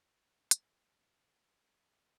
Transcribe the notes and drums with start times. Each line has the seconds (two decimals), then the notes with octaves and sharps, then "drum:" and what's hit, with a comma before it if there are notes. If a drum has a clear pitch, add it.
0.04 D7
0.32 B3
0.51 F4, drum: hi-hat
0.72 D#6
1.25 B6
1.44 G4
1.67 D5
1.80 D#5